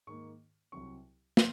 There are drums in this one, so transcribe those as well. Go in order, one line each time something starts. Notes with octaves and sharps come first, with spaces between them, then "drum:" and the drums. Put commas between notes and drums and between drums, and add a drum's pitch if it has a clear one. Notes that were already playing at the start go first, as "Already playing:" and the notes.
G#2 D#3 A#3 C#6
C2 C3 F#3 C4 C#6
C6, drum: snare